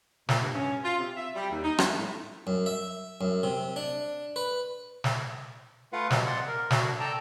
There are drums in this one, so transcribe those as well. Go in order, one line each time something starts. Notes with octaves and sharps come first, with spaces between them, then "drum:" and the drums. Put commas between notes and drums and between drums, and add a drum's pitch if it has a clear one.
A#2, drum: snare
G2
C#4
F4
C3
E5
G3
D#2
D#4
A3, drum: rim click
A2
F#2
E5
F#2
C3
D4
B4
drum: snare
A3 F4 B4 F5 F#5
C3 F3 F#3 G#3, drum: snare
D5 F#5 C6
A#4
D4 F#4, drum: snare
A4 D5 G5 A5 A#5